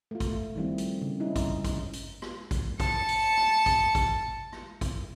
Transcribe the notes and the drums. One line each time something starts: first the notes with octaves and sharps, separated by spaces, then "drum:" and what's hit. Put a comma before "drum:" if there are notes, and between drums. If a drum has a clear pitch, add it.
A3 F4
drum: kick G#1, hi-hat
D#3 F3 G3 C4 E4
drum: hi-hat
C#3
G3 C#4 D#4 E4
drum: kick G#1, hi-hat
drum: kick G#1, hi-hat
drum: hi-hat
drum: rim click
drum: kick G#1, hi-hat
A5 C#7, drum: kick G#1, hi-hat
drum: hi-hat
drum: rim click
drum: kick G#1, hi-hat
drum: kick G#1, hi-hat
drum: rim click
drum: kick G#1, hi-hat